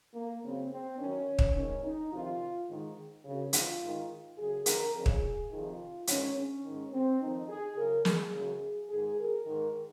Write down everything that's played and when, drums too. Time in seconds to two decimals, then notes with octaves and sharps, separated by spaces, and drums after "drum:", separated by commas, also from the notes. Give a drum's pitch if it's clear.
0.14 A#3
0.42 F#2 C#3 C4
0.70 C4
0.98 F#2 D#3 C#4
1.39 drum: kick
1.55 G#2 D#3 C#4
1.84 D#4
2.11 F2 C3 D#3 F4
2.69 G#2 D#3
3.25 F#2 C#3
3.53 F4, drum: hi-hat
3.81 G#2 D#3
4.38 F#2 C#3 G#4
4.66 A#4, drum: hi-hat
4.94 F2 C#3 G#4
5.06 drum: kick
5.51 F2 C3 D#3 F4
6.07 G#2 D#3 C#4, drum: hi-hat
6.35 C#4
6.64 G#2 D#3
6.92 C4
7.20 F2 D#3 D#4
7.48 G#4
7.77 F#2 C#3 A#4
8.05 G#4, drum: snare
8.33 F#2 C#3
8.90 G#2 D#3 G#4
9.18 A#4
9.46 G#2 D#3